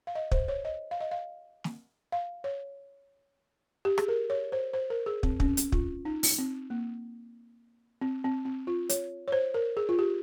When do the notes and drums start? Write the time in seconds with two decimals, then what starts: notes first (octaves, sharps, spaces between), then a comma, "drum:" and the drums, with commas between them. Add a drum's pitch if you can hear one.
0.07 F5
0.15 D#5
0.32 C5, drum: kick
0.48 C#5
0.65 D#5
0.91 F5
1.00 D#5
1.11 F5
1.64 drum: snare
2.12 F5
2.44 C#5
3.85 G4
3.98 G#4, drum: rim click
4.08 A#4
4.30 C#5
4.52 C5
4.73 C5
4.90 A#4
5.06 G#4
5.23 C4, drum: kick
5.40 C#4, drum: kick
5.57 drum: hi-hat
5.72 F4, drum: kick
6.05 D#4
6.23 drum: open hi-hat
6.38 C4
6.70 A#3
8.01 C4
8.24 C4
8.45 C4
8.67 F4
8.89 C#5, drum: hi-hat
9.28 C#5
9.32 C5
9.54 A#4
9.77 G#4
9.89 F4
9.99 G4